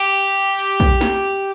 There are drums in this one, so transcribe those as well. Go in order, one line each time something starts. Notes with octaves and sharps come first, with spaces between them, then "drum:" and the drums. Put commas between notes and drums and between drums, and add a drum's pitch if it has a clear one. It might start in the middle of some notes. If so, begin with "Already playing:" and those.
Already playing: G4
drum: cymbal
drum: kick
drum: snare